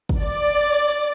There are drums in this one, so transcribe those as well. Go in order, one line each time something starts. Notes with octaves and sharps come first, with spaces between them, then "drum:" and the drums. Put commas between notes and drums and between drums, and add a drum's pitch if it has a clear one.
drum: kick
D5